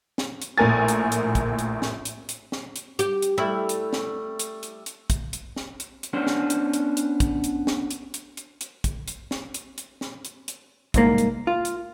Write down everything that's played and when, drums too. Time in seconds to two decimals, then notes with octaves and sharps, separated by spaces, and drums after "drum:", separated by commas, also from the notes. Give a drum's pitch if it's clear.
0.18 drum: snare
0.42 drum: hi-hat
0.58 A#1 A2 A#4 G#5 A6
0.88 drum: hi-hat
1.12 drum: hi-hat
1.35 drum: kick, hi-hat
1.59 drum: hi-hat
1.82 drum: snare
2.05 drum: hi-hat
2.29 drum: hi-hat
2.52 drum: snare
2.76 drum: hi-hat
2.99 G4, drum: hi-hat
3.22 drum: hi-hat
3.38 G3 A3 E4
3.69 drum: hi-hat
3.93 drum: snare
4.39 drum: hi-hat
4.63 drum: hi-hat
4.86 drum: hi-hat
5.10 drum: kick, hi-hat
5.33 drum: hi-hat
5.56 drum: snare
5.80 drum: hi-hat
6.03 drum: hi-hat
6.13 B3 C#4 D4 C5
6.27 drum: snare
6.50 drum: hi-hat
6.73 drum: hi-hat
6.97 drum: hi-hat
7.20 drum: kick, hi-hat
7.44 drum: hi-hat
7.67 drum: snare
7.91 drum: hi-hat
8.14 drum: hi-hat
8.37 drum: hi-hat
8.61 drum: hi-hat
8.84 drum: kick, hi-hat
9.08 drum: hi-hat
9.31 drum: snare
9.54 drum: hi-hat
9.78 drum: hi-hat
10.01 drum: snare
10.25 drum: hi-hat
10.48 drum: hi-hat
10.94 C2 G#2 A#3, drum: kick, hi-hat
11.18 drum: hi-hat
11.47 F4
11.65 drum: hi-hat